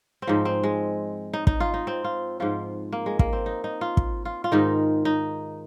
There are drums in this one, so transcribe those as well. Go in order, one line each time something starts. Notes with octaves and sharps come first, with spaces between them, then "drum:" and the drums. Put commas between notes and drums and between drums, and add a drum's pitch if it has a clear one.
C4
G#2 F3 D#4
C4
G#3
D#4
D#4, drum: kick
F4
D#4
C4
F4
G#2 F3 F4
A#3
G#3
A#3, drum: kick
C4
D#4
D#4
F4
drum: kick
F4
F4
G#2 D#3 D#4
D#4